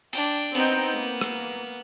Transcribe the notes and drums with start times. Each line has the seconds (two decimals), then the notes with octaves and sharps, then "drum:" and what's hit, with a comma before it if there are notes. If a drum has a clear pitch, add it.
0.13 D4 G5, drum: hi-hat
0.55 B3 C4 D#4 G5, drum: hi-hat
0.95 A#3
1.21 drum: rim click